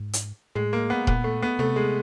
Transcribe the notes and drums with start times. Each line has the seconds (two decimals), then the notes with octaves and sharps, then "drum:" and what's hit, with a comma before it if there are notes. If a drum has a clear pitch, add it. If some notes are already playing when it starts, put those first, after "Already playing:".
Already playing: G#2
0.13 drum: hi-hat
0.55 A2 G#3
0.73 A#3
0.90 B3
1.07 A#2 B3, drum: kick D#1
1.24 A3
1.43 B3
1.59 C3 A3
1.76 G#3